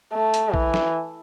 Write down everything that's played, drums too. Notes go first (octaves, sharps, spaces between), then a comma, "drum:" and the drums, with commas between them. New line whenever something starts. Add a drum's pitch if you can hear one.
A3
drum: hi-hat
E3, drum: kick
drum: snare